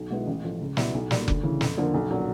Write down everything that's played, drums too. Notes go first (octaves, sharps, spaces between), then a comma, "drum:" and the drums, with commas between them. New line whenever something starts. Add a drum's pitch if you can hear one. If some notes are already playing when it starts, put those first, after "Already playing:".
Already playing: B1
B2 G#3 B3 E4
A1
A2 F3
C#2
B2 G3 B3 E4, drum: snare
B1
A#2 G3, drum: snare
D2, drum: kick F1
C#3 E3
F2, drum: snare
D3 F3 A#3
B1
A#2 F#3